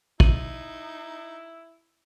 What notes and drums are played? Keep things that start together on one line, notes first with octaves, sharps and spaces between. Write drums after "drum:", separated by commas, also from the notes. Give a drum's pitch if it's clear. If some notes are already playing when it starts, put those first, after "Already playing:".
D#4 E4 D#7 F#7, drum: kick